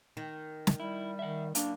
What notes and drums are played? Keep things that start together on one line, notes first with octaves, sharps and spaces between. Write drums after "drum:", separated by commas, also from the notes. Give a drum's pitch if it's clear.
D#3
drum: snare
G3 E4
D#3 E5 F#5
F#2 A#3 D4 F5, drum: hi-hat